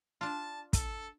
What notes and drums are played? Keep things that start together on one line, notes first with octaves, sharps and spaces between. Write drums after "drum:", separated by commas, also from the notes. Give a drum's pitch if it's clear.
D4 F4 A5
A4, drum: kick, hi-hat